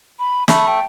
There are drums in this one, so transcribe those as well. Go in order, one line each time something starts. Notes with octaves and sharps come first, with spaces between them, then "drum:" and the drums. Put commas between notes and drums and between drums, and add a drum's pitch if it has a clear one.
B5
A3 B5, drum: snare
G5